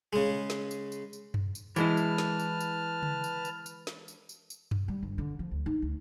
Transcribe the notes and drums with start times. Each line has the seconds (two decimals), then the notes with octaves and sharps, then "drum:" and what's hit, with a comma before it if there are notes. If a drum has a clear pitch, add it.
0.13 C#3 G#3
0.50 drum: snare
0.71 drum: tambourine
0.92 drum: tambourine
1.13 drum: tambourine
1.34 drum: tom F#2
1.55 drum: tambourine
1.76 E3 G#3 E4 B4 A5 F6, drum: tambourine
1.97 drum: tambourine
2.18 drum: snare
2.39 drum: tambourine
2.61 drum: tambourine
3.03 drum: tom C#3
3.24 drum: tambourine
3.45 drum: tambourine
3.66 drum: tambourine
3.87 drum: snare
4.08 drum: tambourine
4.29 drum: tambourine
4.50 drum: tambourine
4.71 drum: tom F#2
4.88 G3
5.03 G1
5.18 D3
5.39 F3
5.51 D2
5.66 D#4
5.82 D2